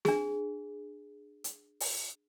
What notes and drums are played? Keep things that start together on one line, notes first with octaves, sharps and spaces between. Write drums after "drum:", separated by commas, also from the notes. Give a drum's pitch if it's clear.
D4 G#4, drum: snare
drum: hi-hat
drum: open hi-hat